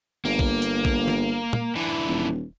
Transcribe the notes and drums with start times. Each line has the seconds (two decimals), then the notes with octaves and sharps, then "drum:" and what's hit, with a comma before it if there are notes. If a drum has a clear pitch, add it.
0.25 G1 A#3
0.39 drum: kick A#1
0.62 drum: hi-hat
0.85 drum: kick A#1
1.08 drum: snare
1.53 drum: tom
1.76 D3 E3
2.07 D#1